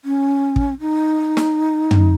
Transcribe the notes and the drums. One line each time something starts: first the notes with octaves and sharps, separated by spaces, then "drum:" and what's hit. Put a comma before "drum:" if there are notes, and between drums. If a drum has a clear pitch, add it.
C#4
drum: kick
D#4
drum: snare
drum: tom